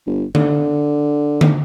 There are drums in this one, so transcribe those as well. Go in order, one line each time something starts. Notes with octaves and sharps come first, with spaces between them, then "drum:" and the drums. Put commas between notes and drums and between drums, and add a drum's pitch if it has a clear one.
G1
D3, drum: tom D3
drum: tom D3